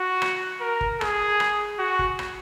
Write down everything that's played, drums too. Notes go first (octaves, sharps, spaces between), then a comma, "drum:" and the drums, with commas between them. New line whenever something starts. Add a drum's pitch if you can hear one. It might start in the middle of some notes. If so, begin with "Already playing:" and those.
Already playing: F#4
drum: rim click
A#4
drum: kick G1
G#4, drum: rim click
drum: rim click
F#4
drum: kick G1
drum: rim click